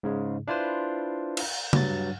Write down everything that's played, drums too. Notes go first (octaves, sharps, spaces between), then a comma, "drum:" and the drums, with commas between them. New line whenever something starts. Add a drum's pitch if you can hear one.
G#2 C#3 G#3
D4 E4 F4 B4 C5
drum: cymbal
G2 F#3 A6, drum: tom C#3